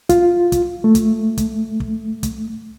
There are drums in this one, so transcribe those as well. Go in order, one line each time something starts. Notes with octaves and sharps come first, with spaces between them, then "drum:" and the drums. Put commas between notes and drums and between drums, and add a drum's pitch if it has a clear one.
F4, drum: kick, hi-hat
drum: kick, hi-hat
A3
drum: kick, hi-hat
drum: kick, hi-hat
drum: kick
drum: kick, hi-hat